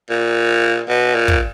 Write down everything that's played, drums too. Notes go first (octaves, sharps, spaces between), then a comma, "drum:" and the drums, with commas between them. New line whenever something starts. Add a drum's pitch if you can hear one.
A#2
B2
A#2
drum: kick